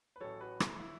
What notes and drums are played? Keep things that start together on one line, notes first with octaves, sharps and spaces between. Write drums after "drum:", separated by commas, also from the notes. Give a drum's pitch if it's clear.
B4
A1 A2 F#3 A4 C#5
F#4 B4
E4, drum: rim click
E4